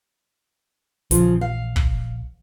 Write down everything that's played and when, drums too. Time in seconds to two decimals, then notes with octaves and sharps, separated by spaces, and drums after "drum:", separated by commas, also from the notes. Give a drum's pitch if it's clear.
1.11 A#1 C#3 F3, drum: hi-hat
1.41 F5
1.76 drum: kick